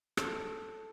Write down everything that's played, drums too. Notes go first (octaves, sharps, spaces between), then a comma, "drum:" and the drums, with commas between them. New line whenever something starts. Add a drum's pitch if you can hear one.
A4, drum: rim click